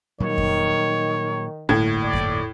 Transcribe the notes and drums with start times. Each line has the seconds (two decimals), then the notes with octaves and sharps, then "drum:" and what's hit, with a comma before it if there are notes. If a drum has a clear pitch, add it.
0.20 A#2 D#3 F#3 G3 C#5
0.38 drum: kick F2
1.69 D1 G1 A2 A#3 G#6
2.03 D5
2.13 drum: kick F2